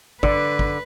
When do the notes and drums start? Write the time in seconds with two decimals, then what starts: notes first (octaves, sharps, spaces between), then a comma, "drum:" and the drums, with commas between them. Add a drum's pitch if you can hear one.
0.23 D3 B4 D5, drum: kick
0.59 drum: kick